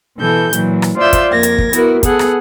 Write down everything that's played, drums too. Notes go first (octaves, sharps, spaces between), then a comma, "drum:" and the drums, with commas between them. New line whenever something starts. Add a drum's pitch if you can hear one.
B2 E3 A4 G6
A#2 E3 F#3, drum: hi-hat
drum: rim click
F4 C5 D5 E5 E6 G6
drum: kick, hi-hat
F2 A#3 A#4 G#6 A#6
drum: hi-hat
drum: kick
B3 E4 F#4 A#4, drum: hi-hat
B3 G#4 A4 F#5, drum: kick, hi-hat
drum: rim click